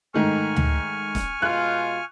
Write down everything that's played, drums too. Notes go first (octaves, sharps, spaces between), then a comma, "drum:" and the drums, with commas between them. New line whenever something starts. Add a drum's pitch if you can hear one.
G#2 D#3 A3 G#5 C#6 F6
drum: tom D2
drum: snare
B2 G#3 F4 F#6